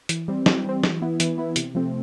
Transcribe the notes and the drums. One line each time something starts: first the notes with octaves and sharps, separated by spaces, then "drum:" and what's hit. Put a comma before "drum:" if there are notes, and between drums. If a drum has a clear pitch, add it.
E3, drum: hi-hat
G3 C4
E3, drum: snare
G3 C4
E3, drum: snare
B3 E4
E3, drum: hi-hat
B3 E4
C3, drum: hi-hat
F3 A3 C4